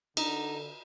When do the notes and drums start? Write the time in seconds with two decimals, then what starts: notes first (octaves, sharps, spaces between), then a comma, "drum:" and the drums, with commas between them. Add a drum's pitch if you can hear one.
0.17 D3 D#4, drum: cymbal